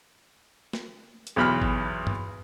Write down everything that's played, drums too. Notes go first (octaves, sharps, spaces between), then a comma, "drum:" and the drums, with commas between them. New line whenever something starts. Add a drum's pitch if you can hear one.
drum: snare
drum: hi-hat
B1 E2 B5 F6
drum: kick
drum: tom G2